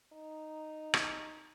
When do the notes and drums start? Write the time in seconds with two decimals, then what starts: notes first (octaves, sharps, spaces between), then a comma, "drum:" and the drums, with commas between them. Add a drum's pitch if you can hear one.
0.13 D#4
0.94 drum: rim click